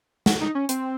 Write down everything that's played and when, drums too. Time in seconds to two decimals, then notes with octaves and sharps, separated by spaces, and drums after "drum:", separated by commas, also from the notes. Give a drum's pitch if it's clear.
0.26 F#4, drum: snare
0.41 D#4
0.55 C#4
0.69 C4, drum: hi-hat